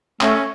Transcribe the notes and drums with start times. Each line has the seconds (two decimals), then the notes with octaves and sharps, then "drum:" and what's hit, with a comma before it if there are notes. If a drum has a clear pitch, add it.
0.21 A3 C#4, drum: clap